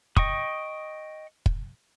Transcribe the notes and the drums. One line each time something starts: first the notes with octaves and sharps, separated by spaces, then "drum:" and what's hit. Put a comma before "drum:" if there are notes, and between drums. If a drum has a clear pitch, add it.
D#5 G5 C#6 D#6, drum: kick
drum: kick